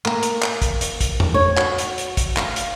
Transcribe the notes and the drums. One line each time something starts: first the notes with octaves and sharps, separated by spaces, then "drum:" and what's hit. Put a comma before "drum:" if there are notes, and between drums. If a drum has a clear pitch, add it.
A#3, drum: clap
drum: hi-hat
drum: clap
drum: kick, hi-hat
drum: hi-hat
drum: kick, hi-hat
drum: tom
C#5
F#4, drum: clap
drum: hi-hat
drum: hi-hat
drum: kick, hi-hat
F5, drum: clap
drum: hi-hat